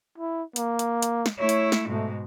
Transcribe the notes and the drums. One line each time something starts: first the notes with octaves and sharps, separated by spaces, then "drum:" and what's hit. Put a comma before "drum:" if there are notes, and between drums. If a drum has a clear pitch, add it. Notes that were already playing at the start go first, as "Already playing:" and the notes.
E4
A#3, drum: hi-hat
drum: hi-hat
drum: hi-hat
drum: snare
A3 E4 C#5
drum: hi-hat
drum: snare
G#2 B2 A3